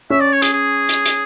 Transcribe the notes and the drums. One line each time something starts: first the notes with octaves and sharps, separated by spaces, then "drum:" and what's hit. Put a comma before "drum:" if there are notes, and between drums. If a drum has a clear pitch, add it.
C#4 E5
D5
C#5
G#4, drum: hi-hat
G#4
drum: hi-hat
drum: hi-hat